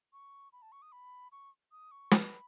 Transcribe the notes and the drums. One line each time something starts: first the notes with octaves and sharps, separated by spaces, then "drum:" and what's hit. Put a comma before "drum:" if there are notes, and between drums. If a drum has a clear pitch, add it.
C#6
B5
A5
C#6
D#6
B5
C#6
D#6
C#6
B5, drum: snare